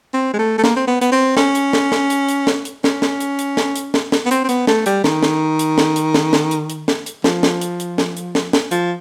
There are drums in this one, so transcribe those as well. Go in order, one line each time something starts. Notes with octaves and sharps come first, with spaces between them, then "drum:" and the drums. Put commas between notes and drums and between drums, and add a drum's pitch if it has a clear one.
C4
G#3
A3
A3
A#3, drum: snare
C4
B3
B3, drum: hi-hat
C4
C#4, drum: snare
drum: hi-hat
drum: snare
drum: snare
drum: hi-hat
drum: hi-hat
drum: snare
drum: hi-hat
C#4, drum: snare
drum: snare
drum: hi-hat
drum: hi-hat
drum: snare
drum: hi-hat
drum: snare
drum: snare
B3
C4, drum: hi-hat
C4
B3, drum: hi-hat
A3, drum: snare
G3, drum: hi-hat
D#3, drum: snare
drum: snare
drum: hi-hat
drum: snare
drum: hi-hat
drum: snare
drum: snare
drum: hi-hat
drum: hi-hat
drum: snare
drum: hi-hat
F3, drum: snare
drum: snare
drum: hi-hat
drum: hi-hat
drum: snare
drum: hi-hat
drum: snare
drum: snare
F3, drum: hi-hat